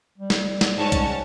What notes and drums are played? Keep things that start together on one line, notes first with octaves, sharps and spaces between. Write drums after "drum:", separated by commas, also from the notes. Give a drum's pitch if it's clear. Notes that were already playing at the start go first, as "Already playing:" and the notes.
G3
drum: snare
drum: snare
G#2 C#4 F#4 A5
drum: kick, hi-hat